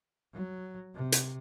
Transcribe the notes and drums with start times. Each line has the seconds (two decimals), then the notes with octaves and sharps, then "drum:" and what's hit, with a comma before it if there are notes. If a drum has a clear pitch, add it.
0.33 F#3
0.95 C3
1.12 drum: hi-hat